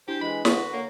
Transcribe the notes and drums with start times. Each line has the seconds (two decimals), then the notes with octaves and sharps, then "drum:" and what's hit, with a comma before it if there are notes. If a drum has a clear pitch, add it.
0.08 D4 E4 G4 C5
0.21 E3 G#3 B5
0.45 D3 F#4 B4, drum: snare
0.73 A#3 C#5